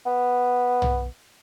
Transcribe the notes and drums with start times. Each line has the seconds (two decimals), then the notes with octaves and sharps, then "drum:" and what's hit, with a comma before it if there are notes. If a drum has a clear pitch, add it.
0.06 B3
0.82 drum: tom